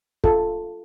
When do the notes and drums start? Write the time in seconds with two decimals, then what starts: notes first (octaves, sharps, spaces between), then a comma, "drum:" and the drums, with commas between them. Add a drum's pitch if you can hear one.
0.24 F4 A4, drum: kick